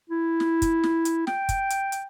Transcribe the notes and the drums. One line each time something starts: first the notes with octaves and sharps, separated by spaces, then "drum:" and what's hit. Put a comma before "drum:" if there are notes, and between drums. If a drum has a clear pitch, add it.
E4
drum: snare
drum: kick, hi-hat
drum: snare
drum: hi-hat
G5, drum: snare
drum: kick, hi-hat
drum: hi-hat
drum: hi-hat